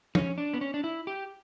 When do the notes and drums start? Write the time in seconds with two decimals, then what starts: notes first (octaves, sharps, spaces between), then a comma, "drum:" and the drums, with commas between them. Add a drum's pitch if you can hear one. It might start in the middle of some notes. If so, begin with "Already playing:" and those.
0.15 C#4, drum: tom
0.38 D4
0.54 B3
0.61 C#4
0.74 D4
0.84 E4
1.07 G4